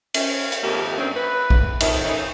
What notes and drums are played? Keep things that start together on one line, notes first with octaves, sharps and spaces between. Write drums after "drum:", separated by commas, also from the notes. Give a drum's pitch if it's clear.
C#4, drum: cymbal
drum: hi-hat
F2 G#2 D#3 A#3 G4
G2 F#3 G3 C4 C#4
B4
drum: kick
F2 A2 D#3, drum: cymbal
E3 C#4 D#4